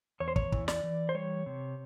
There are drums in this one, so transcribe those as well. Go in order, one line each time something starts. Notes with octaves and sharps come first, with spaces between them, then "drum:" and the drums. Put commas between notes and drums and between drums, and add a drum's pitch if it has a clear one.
E2 C#5
C5
C#5, drum: kick
E3, drum: kick
D5, drum: snare
E3
C5
G3 C#5
C3